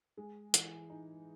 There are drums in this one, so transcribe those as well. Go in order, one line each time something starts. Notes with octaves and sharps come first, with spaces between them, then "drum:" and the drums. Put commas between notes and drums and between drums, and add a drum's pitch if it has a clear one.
G#3
E3, drum: hi-hat
D#4